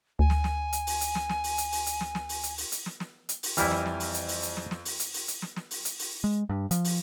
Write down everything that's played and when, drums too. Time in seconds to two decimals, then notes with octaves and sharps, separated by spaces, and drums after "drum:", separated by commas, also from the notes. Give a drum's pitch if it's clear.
0.19 D2 G#5
0.30 drum: snare
0.44 drum: snare
0.73 drum: hi-hat
0.87 drum: open hi-hat
1.01 drum: hi-hat
1.15 drum: snare
1.29 drum: snare
1.44 drum: open hi-hat
1.58 drum: hi-hat
1.72 drum: open hi-hat
1.86 drum: hi-hat
2.01 drum: snare
2.15 drum: snare
2.29 drum: open hi-hat
2.43 drum: hi-hat
2.58 drum: open hi-hat
2.72 drum: hi-hat
2.86 drum: snare
3.00 drum: snare
3.29 drum: hi-hat
3.43 drum: open hi-hat
3.57 F2 E3 G3 E4 F6, drum: hi-hat
3.71 drum: snare
3.86 drum: snare
4.00 drum: open hi-hat
4.14 drum: hi-hat
4.28 drum: open hi-hat
4.43 drum: hi-hat
4.57 drum: snare
4.71 drum: snare
4.85 drum: open hi-hat
4.99 drum: hi-hat
5.14 drum: open hi-hat
5.28 drum: hi-hat
5.42 drum: snare
5.56 drum: snare
5.71 drum: open hi-hat
5.85 drum: hi-hat
5.99 drum: open hi-hat
6.24 G#3
6.49 G2
6.71 F3, drum: hi-hat
6.84 drum: open hi-hat